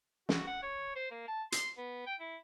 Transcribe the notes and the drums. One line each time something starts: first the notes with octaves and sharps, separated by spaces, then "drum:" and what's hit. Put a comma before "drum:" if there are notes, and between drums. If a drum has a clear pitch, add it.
F#4, drum: snare
F#5
C#5
C5
A#3
A5
C6, drum: hi-hat
B3
G5
E4